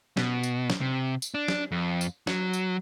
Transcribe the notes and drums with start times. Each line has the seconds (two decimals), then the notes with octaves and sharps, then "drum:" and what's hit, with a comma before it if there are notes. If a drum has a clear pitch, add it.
0.17 B2, drum: snare
0.43 drum: tambourine
0.70 drum: snare
0.81 C3
1.22 drum: tambourine
1.34 D4
1.48 drum: snare
1.71 F2
2.01 drum: tambourine
2.27 F#3, drum: snare
2.53 drum: tambourine